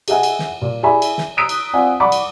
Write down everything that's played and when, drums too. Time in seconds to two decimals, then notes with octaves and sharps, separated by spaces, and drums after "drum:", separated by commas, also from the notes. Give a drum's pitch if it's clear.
0.08 G#4 A4 D#5 E5 F#5 G#5, drum: cymbal
0.23 drum: cymbal
0.39 drum: snare
0.62 A#2
0.82 E4 G#4 D5 E5 G#5 B5
1.02 drum: cymbal
1.18 drum: snare
1.37 A#5 D#6 E6 F#6 B6 D7
1.49 drum: cymbal
1.73 C4 F4 D5 F#5 G#5
2.00 D5 F#5 B5 C#6 D6
2.12 drum: cymbal